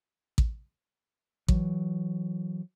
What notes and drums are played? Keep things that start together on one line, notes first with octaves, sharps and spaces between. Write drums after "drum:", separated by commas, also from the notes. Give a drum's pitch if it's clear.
drum: kick A1
E3 F#3, drum: kick A1